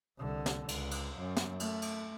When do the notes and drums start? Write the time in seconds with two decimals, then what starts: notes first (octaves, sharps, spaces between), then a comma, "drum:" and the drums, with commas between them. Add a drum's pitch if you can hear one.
0.18 C2 D3
0.46 drum: snare
0.69 C#2, drum: cymbal
0.91 drum: cymbal
1.19 F#2
1.37 drum: snare
1.60 A3, drum: cymbal
1.82 drum: cymbal